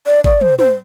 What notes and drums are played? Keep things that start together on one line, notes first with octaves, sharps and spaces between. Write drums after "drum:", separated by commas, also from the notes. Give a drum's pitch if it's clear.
D5
D5, drum: kick G#1
C5, drum: tom
C5, drum: tom